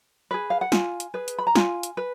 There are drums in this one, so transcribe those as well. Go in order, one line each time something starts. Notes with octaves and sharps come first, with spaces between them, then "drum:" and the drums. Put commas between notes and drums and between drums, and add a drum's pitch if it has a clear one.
G#4 B4
F5
F#5
F4 G#5, drum: snare
drum: hi-hat
G#4 B4
drum: hi-hat
B5
A#5
F4 G#5, drum: snare
drum: hi-hat
B4